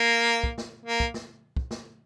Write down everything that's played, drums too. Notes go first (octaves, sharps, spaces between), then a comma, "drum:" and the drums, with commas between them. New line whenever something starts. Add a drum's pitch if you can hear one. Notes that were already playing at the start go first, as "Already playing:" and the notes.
Already playing: A#3
drum: kick
drum: snare
A#3
drum: kick
drum: snare
drum: kick
drum: snare